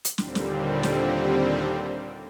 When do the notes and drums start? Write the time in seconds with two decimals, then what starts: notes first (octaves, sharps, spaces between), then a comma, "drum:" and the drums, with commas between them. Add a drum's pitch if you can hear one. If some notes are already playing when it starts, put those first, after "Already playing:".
0.05 drum: hi-hat
0.18 D#2 A#2 D3 G3 C4, drum: snare
0.35 drum: snare
0.83 drum: snare